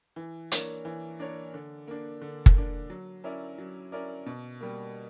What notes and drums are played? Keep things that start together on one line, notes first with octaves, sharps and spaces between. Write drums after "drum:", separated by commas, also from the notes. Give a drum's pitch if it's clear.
E3
A#3 D4 A#4 C#5, drum: hi-hat
E3
A#3 D4 A#4 C#5
D3
A#3 D4
D3
drum: kick F#1
A#3 D4
F#3
C#4 E4 A#4 D5
F#3
C#4 E4 A#4 D5
B2
G3 A#3